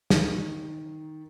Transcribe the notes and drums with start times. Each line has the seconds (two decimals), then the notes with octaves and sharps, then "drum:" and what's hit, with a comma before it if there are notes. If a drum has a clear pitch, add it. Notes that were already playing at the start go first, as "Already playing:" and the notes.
0.10 D#3, drum: snare